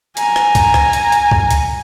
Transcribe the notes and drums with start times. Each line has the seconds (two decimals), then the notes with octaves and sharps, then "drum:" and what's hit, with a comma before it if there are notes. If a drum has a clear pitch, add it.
0.17 G#5 A#5, drum: hi-hat
0.36 drum: rim click
0.55 drum: kick C#2, hi-hat
0.74 drum: rim click
0.93 drum: hi-hat
1.12 drum: hi-hat
1.31 drum: kick C#2
1.51 drum: hi-hat